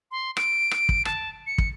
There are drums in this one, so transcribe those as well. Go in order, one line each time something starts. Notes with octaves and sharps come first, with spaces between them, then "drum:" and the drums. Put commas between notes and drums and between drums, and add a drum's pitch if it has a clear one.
C6
D7, drum: rim click
drum: rim click
drum: kick
A5, drum: rim click
C#7
drum: kick